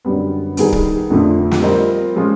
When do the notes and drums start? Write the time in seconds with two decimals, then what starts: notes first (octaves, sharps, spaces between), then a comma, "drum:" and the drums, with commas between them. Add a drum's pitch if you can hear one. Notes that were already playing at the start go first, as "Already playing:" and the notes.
0.05 F#2 D3 G3 B3
0.57 D#3 G3 B3 D#4 G#4, drum: hi-hat
0.72 drum: kick
1.10 F2 D3 F3 A3 D4
1.51 drum: snare
1.62 G3 C4 F4 A#4 D#5
2.16 F3 G#3 C#4 F4